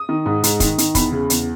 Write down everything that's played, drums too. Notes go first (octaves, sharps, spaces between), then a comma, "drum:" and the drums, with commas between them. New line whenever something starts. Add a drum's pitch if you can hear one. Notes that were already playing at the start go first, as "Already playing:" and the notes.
Already playing: D#6
D#3
G#2
G#2, drum: hi-hat
D#3, drum: kick, hi-hat
D#3, drum: hi-hat
E2 B5, drum: kick, hi-hat
C#3
E2, drum: hi-hat